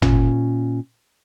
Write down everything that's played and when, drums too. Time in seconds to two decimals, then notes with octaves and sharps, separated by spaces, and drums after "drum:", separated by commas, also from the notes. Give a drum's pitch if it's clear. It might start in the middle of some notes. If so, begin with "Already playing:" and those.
0.02 A#2 C#4, drum: tom